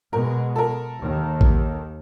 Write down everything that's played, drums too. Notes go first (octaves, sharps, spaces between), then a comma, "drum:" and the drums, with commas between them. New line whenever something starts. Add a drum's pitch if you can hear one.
B2 G#3 A#4
A4 A#4
D#2 D#3
drum: kick